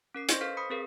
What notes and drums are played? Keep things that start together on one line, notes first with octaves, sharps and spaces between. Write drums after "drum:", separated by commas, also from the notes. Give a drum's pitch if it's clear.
C#4 A#4 C7
C5 D#5 C6 C#6 G6 A#6, drum: hi-hat
A4 B4 F5 F6 G6 B6
B5 D#6 B6 C#7
C4 G#4 A#4 B4